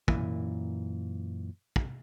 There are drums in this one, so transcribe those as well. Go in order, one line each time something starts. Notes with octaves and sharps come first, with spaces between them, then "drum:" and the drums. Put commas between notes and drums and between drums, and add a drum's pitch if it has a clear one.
F#2 A#2 E3, drum: kick
drum: kick